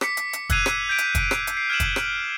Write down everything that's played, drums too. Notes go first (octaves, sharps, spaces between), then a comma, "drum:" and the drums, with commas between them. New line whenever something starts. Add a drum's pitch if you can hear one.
D6 B6 C#7, drum: rim click
drum: hi-hat
drum: hi-hat
E6 F#6 G#6 C7 D#7 F7, drum: kick, hi-hat
drum: rim click
G6 G#6 B6 D7 F7
drum: hi-hat
drum: kick, hi-hat
drum: rim click
drum: hi-hat
C7 C#7
F6 G6 G#6 D7 E7 F#7
drum: kick, hi-hat
drum: rim click